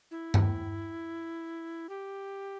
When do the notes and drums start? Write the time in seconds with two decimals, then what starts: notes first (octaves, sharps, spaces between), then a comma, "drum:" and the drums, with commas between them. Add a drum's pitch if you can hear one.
0.11 E4
0.34 drum: tom G2
1.89 G4